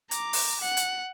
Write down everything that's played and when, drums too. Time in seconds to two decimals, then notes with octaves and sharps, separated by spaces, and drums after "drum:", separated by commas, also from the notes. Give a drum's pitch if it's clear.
0.11 A#5 D6, drum: hi-hat
0.33 drum: open hi-hat
0.61 F#5
0.77 drum: hi-hat